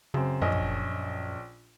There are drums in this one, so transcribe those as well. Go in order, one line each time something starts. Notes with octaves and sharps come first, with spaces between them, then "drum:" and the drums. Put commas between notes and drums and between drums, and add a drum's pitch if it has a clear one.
F#2 C#3 C4
A#1 F#2 C#4 D#5
drum: kick